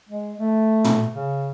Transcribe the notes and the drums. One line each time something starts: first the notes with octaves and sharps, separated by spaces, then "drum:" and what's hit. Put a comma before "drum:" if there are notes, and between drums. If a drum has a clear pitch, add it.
G#3
A3
drum: tom
C#3